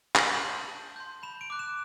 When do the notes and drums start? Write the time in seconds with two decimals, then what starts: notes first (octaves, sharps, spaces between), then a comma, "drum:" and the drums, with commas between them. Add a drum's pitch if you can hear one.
0.15 A5 F#7, drum: clap
0.42 C6 G6
0.69 A5
0.96 C6 G6
1.23 B5 E7
1.41 D7
1.50 D6 F#6
1.59 E7